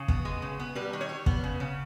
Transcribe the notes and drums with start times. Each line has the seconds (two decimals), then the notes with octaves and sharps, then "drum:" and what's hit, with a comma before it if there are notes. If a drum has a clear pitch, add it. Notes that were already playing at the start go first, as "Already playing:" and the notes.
Already playing: C#3
0.08 B3, drum: kick
0.25 G#3
0.42 C#3
0.59 B3
0.75 G3 B4
0.93 D#3
1.01 C#5
1.09 G3
1.26 B3, drum: kick
1.44 C#3
1.60 C#3